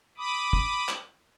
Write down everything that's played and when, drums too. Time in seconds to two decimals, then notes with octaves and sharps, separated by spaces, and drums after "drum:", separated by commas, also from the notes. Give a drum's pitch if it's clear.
0.18 B5 D6 D#6
0.53 drum: kick
0.89 drum: clap